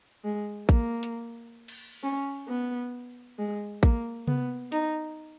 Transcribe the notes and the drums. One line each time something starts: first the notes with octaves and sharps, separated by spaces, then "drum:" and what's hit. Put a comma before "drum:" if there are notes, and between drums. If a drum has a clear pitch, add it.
G#3
A#3, drum: kick A1
drum: hi-hat
drum: cymbal
C#4
B3
G#3
A#3, drum: kick A1
B3, drum: tom C3
D#4, drum: hi-hat